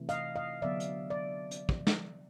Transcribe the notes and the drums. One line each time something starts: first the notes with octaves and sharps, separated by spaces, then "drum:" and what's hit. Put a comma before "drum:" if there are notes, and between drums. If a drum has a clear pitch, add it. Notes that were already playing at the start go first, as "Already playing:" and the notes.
Already playing: C3 E3 A3
D#5 F5, drum: hi-hat
D#5 F5
D3 F#3 B3 D5 E5
drum: hi-hat
D5
drum: hi-hat
drum: kick
drum: snare